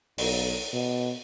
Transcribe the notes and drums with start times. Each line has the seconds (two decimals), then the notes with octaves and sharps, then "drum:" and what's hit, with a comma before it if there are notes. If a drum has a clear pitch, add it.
0.18 B1, drum: open hi-hat
0.73 B2